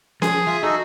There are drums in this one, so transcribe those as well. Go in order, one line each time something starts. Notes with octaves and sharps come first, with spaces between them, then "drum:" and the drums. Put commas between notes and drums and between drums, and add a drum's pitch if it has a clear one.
F3 G#4, drum: snare C#4
F4 E5 G#5
D#4 F#4 A4 D#5